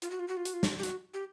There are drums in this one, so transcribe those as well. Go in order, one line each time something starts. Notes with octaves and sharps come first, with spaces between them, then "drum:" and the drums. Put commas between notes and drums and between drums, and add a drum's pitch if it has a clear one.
F4, drum: hi-hat
F#4
F4
F#4
F4
F#4, drum: hi-hat
F4
drum: snare
G4
F#4, drum: hi-hat
G4